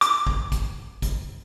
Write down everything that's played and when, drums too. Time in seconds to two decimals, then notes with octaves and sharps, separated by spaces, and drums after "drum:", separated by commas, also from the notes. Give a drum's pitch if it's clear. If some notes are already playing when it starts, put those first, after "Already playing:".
0.01 D6, drum: hi-hat
0.27 drum: kick
0.52 drum: kick, hi-hat
1.02 drum: kick, hi-hat